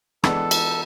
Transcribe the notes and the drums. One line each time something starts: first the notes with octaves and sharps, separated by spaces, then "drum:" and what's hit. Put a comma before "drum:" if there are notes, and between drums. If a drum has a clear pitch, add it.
E3 G#3 B3 D4 A4, drum: rim click
drum: cymbal